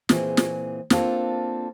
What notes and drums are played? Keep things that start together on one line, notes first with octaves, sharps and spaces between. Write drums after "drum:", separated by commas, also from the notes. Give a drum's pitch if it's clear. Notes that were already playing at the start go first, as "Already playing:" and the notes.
A#2 E3 C4 G#4, drum: snare
drum: snare
A#3 C4 D4 F4 A4, drum: snare